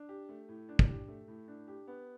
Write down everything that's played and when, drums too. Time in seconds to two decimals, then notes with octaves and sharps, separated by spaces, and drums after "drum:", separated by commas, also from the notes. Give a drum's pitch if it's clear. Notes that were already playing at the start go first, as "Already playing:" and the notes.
Already playing: D4
0.09 G4
0.29 A3
0.49 A2
0.69 D4
0.79 drum: kick
0.88 G4
1.08 A3
1.28 A2
1.48 D4
1.68 G4
1.88 B3